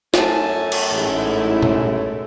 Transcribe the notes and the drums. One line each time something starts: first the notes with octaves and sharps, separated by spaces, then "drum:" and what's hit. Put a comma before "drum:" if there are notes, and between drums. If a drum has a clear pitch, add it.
F#2 A3 G#5 A5, drum: snare
drum: cymbal
A1 G#2 G#3 E4
drum: tom A#2